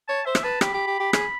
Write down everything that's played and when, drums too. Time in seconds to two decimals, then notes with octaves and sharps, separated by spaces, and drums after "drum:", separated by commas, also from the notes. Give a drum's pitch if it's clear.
0.08 C#5 A5
0.25 C5 E5
0.35 drum: rim click
0.44 B4 A5
0.61 G4 B5, drum: rim click
0.74 G4
0.87 G4
1.00 G4
1.13 G#4, drum: rim click